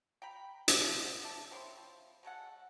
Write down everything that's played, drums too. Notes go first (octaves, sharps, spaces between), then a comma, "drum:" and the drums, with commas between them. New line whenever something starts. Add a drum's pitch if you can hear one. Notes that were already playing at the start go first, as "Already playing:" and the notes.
G5 A#5 B5
drum: hi-hat
F3 F#3 D#4 C5
D5 E5 A5
C4 E4 C#5 C6
F3
C#3 G#3 A4 F#5